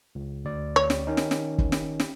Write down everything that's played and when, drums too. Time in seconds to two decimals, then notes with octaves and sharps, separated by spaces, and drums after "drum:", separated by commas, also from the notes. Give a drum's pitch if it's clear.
0.15 C#2
0.45 D2 D5
0.76 C#5
0.90 drum: snare
1.07 D#3 C#4 D#4
1.17 drum: snare
1.31 drum: snare
1.58 drum: kick
1.72 drum: snare
2.00 drum: snare